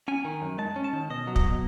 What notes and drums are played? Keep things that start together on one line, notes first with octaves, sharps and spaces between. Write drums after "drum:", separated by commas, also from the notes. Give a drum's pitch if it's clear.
C#4 G#5
D#3
F#2
G#3 A5
C#4
A5
D#3
B2 D#5
F#3
D#5, drum: kick
B2